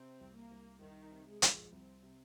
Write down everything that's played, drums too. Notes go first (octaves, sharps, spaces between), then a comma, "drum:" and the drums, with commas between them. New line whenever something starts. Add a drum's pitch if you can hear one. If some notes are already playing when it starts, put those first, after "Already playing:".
Already playing: C3 C4
C2
A#3
C2
C2 D#3
C3
G#3
F3, drum: hi-hat
C2 C4
C3